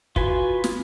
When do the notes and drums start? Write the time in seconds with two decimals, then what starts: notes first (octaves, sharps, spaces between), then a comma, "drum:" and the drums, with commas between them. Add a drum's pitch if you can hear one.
0.16 F4 F#4 B4 G#5, drum: kick
0.64 drum: snare